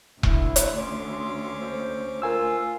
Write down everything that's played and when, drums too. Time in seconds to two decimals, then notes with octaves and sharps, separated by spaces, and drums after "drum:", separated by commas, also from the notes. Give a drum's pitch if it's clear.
0.23 D2 E4, drum: kick E1
0.56 drum: hi-hat
0.78 C#4 C6 D6
1.59 C5
2.22 F4 A#4 G#5 E6